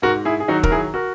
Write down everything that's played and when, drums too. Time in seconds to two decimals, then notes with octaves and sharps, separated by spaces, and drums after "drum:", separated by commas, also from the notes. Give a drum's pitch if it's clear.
0.02 G#2 F#4 A#4
0.25 E4 G#4
0.40 G#4
0.48 D#3 F#3 D#4 F#4
0.63 A#4, drum: kick
0.71 E4 G#4
0.94 F#4 A#4